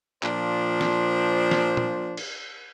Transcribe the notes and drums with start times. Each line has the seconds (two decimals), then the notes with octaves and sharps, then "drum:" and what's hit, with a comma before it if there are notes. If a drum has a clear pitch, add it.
0.23 A#2 F3 D4 C5, drum: clap
0.81 drum: snare
1.51 drum: snare
1.77 drum: tom A#2
2.17 drum: cymbal